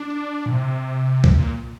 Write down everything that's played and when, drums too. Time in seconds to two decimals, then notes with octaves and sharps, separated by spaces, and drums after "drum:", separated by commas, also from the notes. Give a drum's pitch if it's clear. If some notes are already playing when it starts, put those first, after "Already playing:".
Already playing: D4
0.46 A#2
0.51 C3
1.24 drum: kick
1.38 A#2